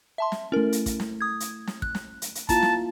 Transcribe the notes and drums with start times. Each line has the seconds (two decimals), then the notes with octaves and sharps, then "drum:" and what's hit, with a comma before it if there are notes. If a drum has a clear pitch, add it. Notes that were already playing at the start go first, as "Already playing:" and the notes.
0.18 E5 A5 C6
0.32 drum: snare
0.52 A3 C#4 E4 A#4
0.72 drum: hi-hat
0.86 drum: kick, hi-hat
1.00 drum: snare
1.21 D#6 G#6
1.40 drum: hi-hat
1.67 drum: snare
1.82 F#6, drum: kick
1.95 drum: snare
2.22 drum: hi-hat
2.35 drum: hi-hat
2.49 A#3 E4 F4 A5 A#5, drum: kick, hi-hat
2.62 drum: snare